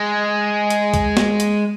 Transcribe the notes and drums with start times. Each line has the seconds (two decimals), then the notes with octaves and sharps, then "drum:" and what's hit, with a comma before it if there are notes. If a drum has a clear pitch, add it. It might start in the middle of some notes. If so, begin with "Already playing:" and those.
Already playing: G#3
0.70 drum: hi-hat
0.94 drum: kick, hi-hat
1.17 drum: snare
1.40 drum: hi-hat